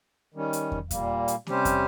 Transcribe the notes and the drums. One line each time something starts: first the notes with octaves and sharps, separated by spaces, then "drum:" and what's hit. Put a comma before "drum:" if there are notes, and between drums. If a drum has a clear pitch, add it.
D#3 G3 C#4
drum: hi-hat
drum: kick
A#2 G3 A#3, drum: kick, hi-hat
drum: hi-hat
C3 G3 C#4 G4 C5, drum: snare A#3
drum: kick, hi-hat